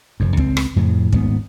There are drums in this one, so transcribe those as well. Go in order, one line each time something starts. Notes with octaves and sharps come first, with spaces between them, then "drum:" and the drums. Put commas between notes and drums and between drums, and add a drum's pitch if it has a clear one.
F1 F#2
C#2 C4, drum: kick
drum: rim click
F2 A2 C#3
D#1 G#2 B3, drum: kick